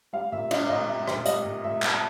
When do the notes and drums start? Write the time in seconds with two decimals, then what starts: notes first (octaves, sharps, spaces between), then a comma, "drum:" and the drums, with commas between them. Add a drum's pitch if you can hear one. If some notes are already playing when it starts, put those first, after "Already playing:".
0.13 G3 F5
0.32 A#2 E5
0.51 G3 D#5, drum: cymbal
0.70 A#2 D#5
0.88 G3 E5
1.08 A#2, drum: rim click
1.26 G3 D#5, drum: hi-hat
1.45 A#2
1.64 A#2 E5
1.82 G3, drum: clap
1.89 A5